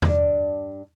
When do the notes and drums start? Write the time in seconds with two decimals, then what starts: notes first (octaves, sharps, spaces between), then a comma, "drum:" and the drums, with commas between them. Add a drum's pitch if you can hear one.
0.02 G2 D4, drum: tom E2